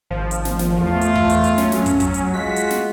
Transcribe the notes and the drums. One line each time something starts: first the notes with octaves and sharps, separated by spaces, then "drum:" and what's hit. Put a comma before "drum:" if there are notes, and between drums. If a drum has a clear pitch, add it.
G#1 F3
drum: hi-hat
drum: snare
drum: snare
E2 A3 F4
drum: hi-hat
drum: kick
drum: hi-hat
drum: hi-hat
F#3 C#4, drum: snare
drum: snare
drum: kick, hi-hat
drum: kick, hi-hat
drum: hi-hat
G#3 F4 F#4 B6
drum: hi-hat
drum: snare